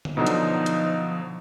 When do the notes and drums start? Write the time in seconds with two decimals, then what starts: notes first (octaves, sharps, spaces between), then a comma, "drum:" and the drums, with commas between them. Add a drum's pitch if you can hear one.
0.05 drum: tom D3
0.17 B2 D3 F3 F#3 D#4
0.27 drum: hi-hat
0.66 drum: hi-hat